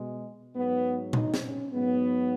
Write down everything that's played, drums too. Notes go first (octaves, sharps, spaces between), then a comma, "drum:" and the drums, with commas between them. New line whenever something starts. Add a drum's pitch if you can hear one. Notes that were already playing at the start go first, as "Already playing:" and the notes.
Already playing: B2 G#3
G#2 F#3 B3
D#4, drum: tom A#2
drum: snare
C#4
G#2 F#3 B3